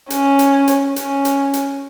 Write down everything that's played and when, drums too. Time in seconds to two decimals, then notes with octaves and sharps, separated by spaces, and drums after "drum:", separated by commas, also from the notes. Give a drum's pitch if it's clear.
0.10 C#4, drum: hi-hat
0.39 drum: hi-hat
0.68 drum: hi-hat
0.96 C#4, drum: hi-hat
1.25 drum: hi-hat
1.53 drum: hi-hat